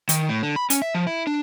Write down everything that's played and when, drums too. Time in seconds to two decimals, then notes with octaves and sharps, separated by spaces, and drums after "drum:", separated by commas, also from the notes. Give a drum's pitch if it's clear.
0.09 D#3, drum: hi-hat
0.29 A2
0.43 D3
0.56 B5
0.70 C#4, drum: hi-hat
0.82 E5
0.94 F3
1.07 E4
1.27 D4